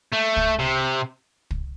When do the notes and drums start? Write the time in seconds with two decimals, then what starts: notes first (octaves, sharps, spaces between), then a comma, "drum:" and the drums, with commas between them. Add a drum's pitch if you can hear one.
0.13 A3
0.37 drum: kick
0.59 C3
1.51 drum: kick